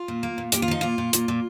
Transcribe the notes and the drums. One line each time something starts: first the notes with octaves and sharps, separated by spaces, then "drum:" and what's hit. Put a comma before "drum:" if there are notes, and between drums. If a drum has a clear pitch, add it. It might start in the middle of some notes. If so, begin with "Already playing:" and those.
Already playing: F4
A#2
A#3
A#2
A#2 G4, drum: hi-hat
F4
F3 D#4
A#2 F4
A#2
A#2, drum: hi-hat
A#2